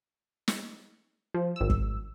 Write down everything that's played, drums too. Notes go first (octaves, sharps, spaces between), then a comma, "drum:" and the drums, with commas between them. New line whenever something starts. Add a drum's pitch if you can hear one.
drum: snare
F3
G#1 E6
drum: kick